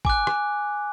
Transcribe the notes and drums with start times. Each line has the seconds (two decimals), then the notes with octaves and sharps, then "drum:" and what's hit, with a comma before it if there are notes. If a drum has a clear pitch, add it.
0.05 G#5 D6 F#6, drum: kick
0.27 drum: rim click